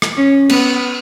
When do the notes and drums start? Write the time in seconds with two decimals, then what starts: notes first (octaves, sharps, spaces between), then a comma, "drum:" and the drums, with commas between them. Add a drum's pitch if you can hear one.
0.02 drum: rim click
0.17 C#4
0.49 B3, drum: cymbal